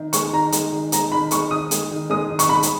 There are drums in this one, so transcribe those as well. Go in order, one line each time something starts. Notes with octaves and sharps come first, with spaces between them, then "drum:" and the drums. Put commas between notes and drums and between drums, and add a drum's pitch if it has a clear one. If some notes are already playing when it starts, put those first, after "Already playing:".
Already playing: D#3
G#3 C#6, drum: hi-hat
D#3 A#5
G#3, drum: hi-hat
D#3
G#3 A#5, drum: hi-hat
D#3 B5
G#3 C#6, drum: hi-hat
D#3 D#6
G#3, drum: hi-hat
D#3
G#3 D#6
D#3
C#6, drum: hi-hat
G#3 B5
drum: hi-hat